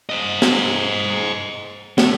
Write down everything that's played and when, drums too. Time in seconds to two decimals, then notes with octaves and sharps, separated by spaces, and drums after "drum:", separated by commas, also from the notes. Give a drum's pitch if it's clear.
0.09 C5 D#5
0.42 drum: snare
1.98 A3, drum: snare